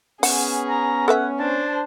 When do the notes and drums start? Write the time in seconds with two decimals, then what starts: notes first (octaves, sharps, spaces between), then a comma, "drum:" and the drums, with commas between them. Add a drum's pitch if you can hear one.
0.23 B3 C#4 G#4 F#5, drum: open hi-hat
0.69 A#5
1.08 A4 B4 E5 F#5
1.39 D4 C5 A5